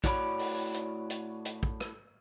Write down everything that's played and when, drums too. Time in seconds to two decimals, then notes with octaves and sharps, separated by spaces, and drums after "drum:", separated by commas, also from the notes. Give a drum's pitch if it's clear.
0.04 A2 F#4 C#5 D5 A5 B5, drum: kick, hi-hat
0.39 drum: open hi-hat
0.74 drum: hi-hat
1.10 drum: hi-hat
1.45 drum: hi-hat
1.63 drum: kick
1.80 drum: rim click